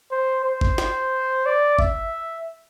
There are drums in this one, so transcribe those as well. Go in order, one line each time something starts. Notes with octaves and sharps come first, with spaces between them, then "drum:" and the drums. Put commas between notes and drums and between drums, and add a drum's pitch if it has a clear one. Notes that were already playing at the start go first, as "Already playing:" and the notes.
C5
C5
drum: kick G1
drum: snare
D5
E5, drum: kick G1